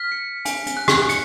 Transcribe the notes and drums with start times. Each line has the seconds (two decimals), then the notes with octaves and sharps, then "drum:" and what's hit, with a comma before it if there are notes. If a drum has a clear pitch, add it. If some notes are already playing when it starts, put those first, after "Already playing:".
Already playing: F6 B6
0.12 C#7
0.45 G#5, drum: hi-hat
0.66 drum: hi-hat
0.77 F#6
0.88 drum: rim click
1.09 C#7, drum: hi-hat